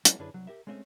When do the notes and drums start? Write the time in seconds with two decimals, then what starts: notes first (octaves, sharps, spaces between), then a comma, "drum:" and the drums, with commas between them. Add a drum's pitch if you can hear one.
0.05 F#3 G#3 A#3 D4 E4, drum: hi-hat
0.19 F#2 D3 D4 E4 G#4 B4
0.34 C2 F#3
0.47 G4 A#4 E5
0.67 G#3 A3 C4 C#4 D#5 E5